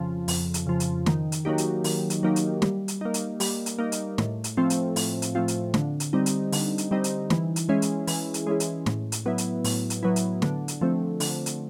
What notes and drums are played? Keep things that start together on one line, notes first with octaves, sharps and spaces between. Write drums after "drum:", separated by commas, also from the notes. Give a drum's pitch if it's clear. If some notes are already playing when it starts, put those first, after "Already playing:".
Already playing: F2 C#3 F3
F2, drum: open hi-hat
drum: hi-hat
C#3 F3
drum: hi-hat
D#3, drum: snare
drum: hi-hat
F#3 A#3 D#4 G4
drum: hi-hat
D#3, drum: open hi-hat
drum: hi-hat
F#3 A#3 D#4 G4
drum: hi-hat
G3, drum: snare
drum: hi-hat
A#3 D#4
drum: hi-hat
G3, drum: open hi-hat
drum: hi-hat
A#3 D#4
drum: hi-hat
A2, drum: snare
drum: hi-hat
F3 A3 C4 F4
drum: hi-hat
A2, drum: open hi-hat
drum: hi-hat
F3 A3 C4 F4
drum: hi-hat
D3, drum: snare
drum: hi-hat
G3 C4 D#4
drum: hi-hat
D3, drum: open hi-hat
drum: hi-hat
G3 C4 D#4
drum: hi-hat
E3, drum: snare
drum: hi-hat
G#3 C#4 E4 G#4
drum: hi-hat
E3, drum: open hi-hat
drum: hi-hat
G#3 C#4 E4 G#4
drum: hi-hat
A2, drum: snare
drum: hi-hat
F#3 B3 E4
drum: hi-hat
A2, drum: open hi-hat
drum: hi-hat
F#3 B3 E4
drum: hi-hat
D3, drum: snare
drum: hi-hat
F3 A3 C4
D3, drum: open hi-hat
drum: hi-hat